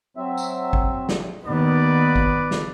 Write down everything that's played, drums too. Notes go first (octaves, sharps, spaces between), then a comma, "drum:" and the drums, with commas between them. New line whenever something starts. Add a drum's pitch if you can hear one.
F#3 C4 E5
drum: tambourine
drum: kick G#1
drum: snare
D#2 D#3 B3 B4 D5
drum: kick G#1
drum: snare